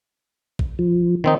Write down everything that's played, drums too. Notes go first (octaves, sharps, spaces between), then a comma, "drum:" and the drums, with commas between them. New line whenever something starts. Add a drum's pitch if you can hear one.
drum: kick A#1
F3
D#3 C4 D#4